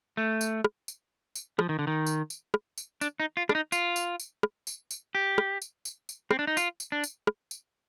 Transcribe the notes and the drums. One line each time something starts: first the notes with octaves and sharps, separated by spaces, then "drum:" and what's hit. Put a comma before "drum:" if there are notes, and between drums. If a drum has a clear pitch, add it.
A3
drum: tambourine
drum: rim click
drum: tambourine
drum: tambourine
F3, drum: rim click
D#3
D3
D#3
drum: tambourine
drum: tambourine
drum: rim click
drum: tambourine
D4, drum: tambourine
D#4
F4
D4, drum: rim click
D#4
F4, drum: tambourine
drum: tambourine
drum: tambourine
drum: rim click
drum: tambourine
drum: tambourine
G4
drum: rim click
drum: tambourine
drum: tambourine
drum: tambourine
C4, drum: rim click
D4
D#4
F4, drum: tambourine
drum: tambourine
D4
drum: tambourine
drum: rim click
drum: tambourine